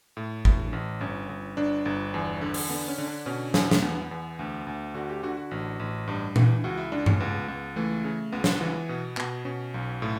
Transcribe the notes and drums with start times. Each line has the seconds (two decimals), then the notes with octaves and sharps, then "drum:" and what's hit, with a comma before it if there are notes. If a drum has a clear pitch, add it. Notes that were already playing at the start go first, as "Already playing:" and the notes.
0.17 A2
0.45 A2, drum: kick G#1
0.73 A1
1.01 G1 C#4
1.29 G1
1.57 G1 D4
1.85 G1
2.14 E2
2.41 D3
2.54 drum: open hi-hat
2.69 D3 B3
2.88 C#4
2.98 D3
3.08 D4
3.26 B2 C#4
3.54 E2, drum: snare
3.71 A3, drum: snare
3.82 E2 B3
4.11 E2
4.39 D2
4.67 D2
4.94 D3 F#4
5.10 G4
5.23 D3 F#4
5.37 F#4
5.51 A1
5.80 A1
6.08 G2
6.36 E3, drum: tom A#2
6.64 C#2 F#4
6.77 E4
6.92 C#2 D4
7.06 C#4, drum: tom G2
7.20 C#2 B3
7.48 C#2
7.76 E3 A3
8.04 C#3
8.32 C#2 B3
8.44 drum: snare
8.61 E3
8.89 B2
9.17 B2, drum: clap
9.45 B2 C#4
9.74 B1
10.02 A2